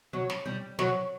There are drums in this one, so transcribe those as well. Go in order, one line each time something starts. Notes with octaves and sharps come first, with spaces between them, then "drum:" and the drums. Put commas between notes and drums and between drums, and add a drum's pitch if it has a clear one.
F#3
drum: snare
G3
F#3, drum: snare